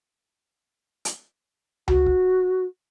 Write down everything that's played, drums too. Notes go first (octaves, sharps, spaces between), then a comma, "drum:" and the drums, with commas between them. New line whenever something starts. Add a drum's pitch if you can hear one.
drum: hi-hat
F#4, drum: tom C#2
drum: kick